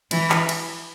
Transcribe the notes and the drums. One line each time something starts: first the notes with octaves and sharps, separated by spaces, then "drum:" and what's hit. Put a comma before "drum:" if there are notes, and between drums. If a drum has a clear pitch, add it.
E3, drum: cymbal
drum: clap
drum: cymbal